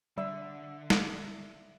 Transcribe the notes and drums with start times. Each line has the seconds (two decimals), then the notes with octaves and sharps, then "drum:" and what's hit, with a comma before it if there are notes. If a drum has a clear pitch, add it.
0.18 D3 G3 D5 E5
0.90 drum: snare